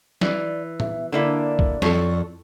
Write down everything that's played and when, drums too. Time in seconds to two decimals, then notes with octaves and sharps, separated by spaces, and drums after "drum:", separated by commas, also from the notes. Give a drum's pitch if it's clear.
0.21 E3 D5, drum: snare F#3
0.80 E5, drum: tom
1.12 D3 A#3 E4 D5
1.59 drum: kick
1.82 F2 A4 C#5, drum: snare F#3